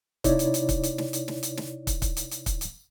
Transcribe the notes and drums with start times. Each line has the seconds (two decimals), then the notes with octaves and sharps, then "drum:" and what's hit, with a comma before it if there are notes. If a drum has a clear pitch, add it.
0.24 C3 D#4 E4 C#5 D5, drum: kick, hi-hat
0.39 drum: hi-hat
0.54 drum: hi-hat
0.69 drum: kick, hi-hat
0.83 drum: hi-hat
0.98 drum: snare
1.13 drum: hi-hat
1.28 drum: snare
1.43 drum: hi-hat
1.57 drum: snare
1.87 drum: kick, hi-hat
2.02 drum: kick, hi-hat
2.17 drum: hi-hat
2.31 drum: hi-hat
2.46 drum: kick, hi-hat
2.61 drum: hi-hat